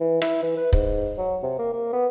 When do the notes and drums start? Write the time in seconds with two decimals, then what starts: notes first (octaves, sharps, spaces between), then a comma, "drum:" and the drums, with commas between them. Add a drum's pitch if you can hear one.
0.01 E3
0.22 E4, drum: rim click
0.43 E3
0.57 B4
0.73 G#2, drum: kick
1.18 F#3
1.43 C3
1.59 A#3
1.73 A#3
1.93 B3